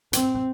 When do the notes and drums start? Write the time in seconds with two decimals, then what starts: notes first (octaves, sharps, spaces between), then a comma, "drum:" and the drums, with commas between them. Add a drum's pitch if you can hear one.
0.13 C4, drum: hi-hat